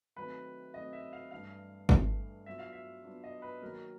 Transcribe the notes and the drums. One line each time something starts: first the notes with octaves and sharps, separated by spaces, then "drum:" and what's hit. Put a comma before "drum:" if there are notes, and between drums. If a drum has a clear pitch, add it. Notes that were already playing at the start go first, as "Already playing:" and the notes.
D#3 F#3 A3 C4 E4 B4
D#3 F#3 A3 C4 E4 D#5
E5
F5
G2 E3 A3 D4 F5
G2 E3 A3 D4, drum: kick G#1
F#3 B3 D4 F4 E5
F5
E5
F#3 B3 D4 F4
D#5
B4
D#3 F#3 A#3 A#4